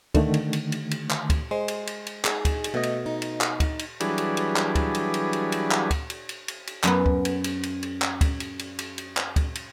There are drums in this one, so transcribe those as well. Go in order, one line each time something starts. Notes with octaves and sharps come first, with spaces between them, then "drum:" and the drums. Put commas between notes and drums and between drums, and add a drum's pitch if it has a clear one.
D3 D#3 A3, drum: kick, cymbal
drum: cymbal
drum: cymbal
drum: cymbal
drum: cymbal
drum: clap
drum: kick, cymbal
G#3 C5
drum: cymbal
drum: cymbal
drum: cymbal
D#4 G#4, drum: clap
drum: kick, cymbal
drum: cymbal
B2 A3 D#5
drum: cymbal
D#4
drum: cymbal
drum: clap
drum: kick, cymbal
drum: cymbal
E3 F#3 G3 D4 G#4 B4, drum: cymbal
drum: cymbal
drum: cymbal
drum: clap
drum: kick, cymbal
drum: cymbal
drum: cymbal
drum: cymbal
drum: cymbal
drum: clap
drum: kick, cymbal
drum: cymbal
drum: cymbal
drum: cymbal
drum: cymbal
F#2 B3, drum: clap
drum: kick
drum: cymbal
drum: cymbal
drum: cymbal
drum: cymbal
drum: clap
drum: kick, cymbal
drum: cymbal
drum: cymbal
drum: cymbal
drum: cymbal
drum: clap
drum: kick, cymbal
drum: cymbal